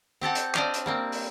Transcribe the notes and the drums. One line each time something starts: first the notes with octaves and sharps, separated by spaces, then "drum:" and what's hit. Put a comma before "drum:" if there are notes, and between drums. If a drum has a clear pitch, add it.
C4 G4 A4 F#5
drum: hi-hat
C4 D4 C5 D5 D#5 F5, drum: clap
drum: hi-hat
G3 A#3 C4
drum: open hi-hat